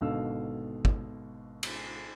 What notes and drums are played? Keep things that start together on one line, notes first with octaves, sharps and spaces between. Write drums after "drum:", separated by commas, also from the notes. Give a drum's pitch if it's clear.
G#1 B2 D3 F5 E6
drum: kick
drum: cymbal